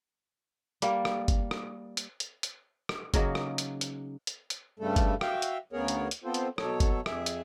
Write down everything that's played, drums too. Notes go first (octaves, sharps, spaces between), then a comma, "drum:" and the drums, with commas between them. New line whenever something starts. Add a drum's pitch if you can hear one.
G3 A#3, drum: hi-hat
drum: rim click
drum: kick, hi-hat
drum: rim click
drum: hi-hat
drum: hi-hat
drum: hi-hat
drum: rim click
C#3 F#3 A#3 D#4, drum: kick, hi-hat
drum: rim click
drum: hi-hat
drum: hi-hat
drum: hi-hat
drum: hi-hat
G2 C#3 G3 A3 A4
drum: kick, hi-hat
F#4 E5 F5 G5, drum: rim click
drum: hi-hat
D2 C#3 B3 G#4 A#4 C#5
drum: hi-hat
drum: hi-hat
B3 C4 F4 A4 C5
drum: hi-hat
B2 F#3 A4 C#5, drum: rim click
drum: kick, hi-hat
F2 G#4 E5, drum: rim click
drum: hi-hat